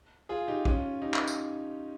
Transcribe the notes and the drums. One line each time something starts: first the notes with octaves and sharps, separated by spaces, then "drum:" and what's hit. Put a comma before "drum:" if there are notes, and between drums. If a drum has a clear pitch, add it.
F4 G#4
D#4 G4
C#4 F4, drum: kick
D#4 G4
drum: clap
drum: tambourine